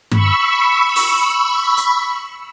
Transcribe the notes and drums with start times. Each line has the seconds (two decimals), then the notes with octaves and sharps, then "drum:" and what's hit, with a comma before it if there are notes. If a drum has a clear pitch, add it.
0.11 B5 C#6 E6, drum: tom G2
0.96 drum: open hi-hat
1.77 drum: hi-hat